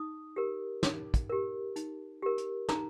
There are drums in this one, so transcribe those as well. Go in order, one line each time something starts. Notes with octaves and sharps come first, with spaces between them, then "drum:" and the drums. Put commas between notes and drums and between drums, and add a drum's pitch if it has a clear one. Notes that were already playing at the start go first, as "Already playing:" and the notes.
Already playing: D#4 D#6
G4 A#4
D#4 D6, drum: snare
drum: kick, hi-hat
G4 A#4
D#4, drum: hi-hat
G4 A#4
drum: hi-hat
D#4 A#5, drum: snare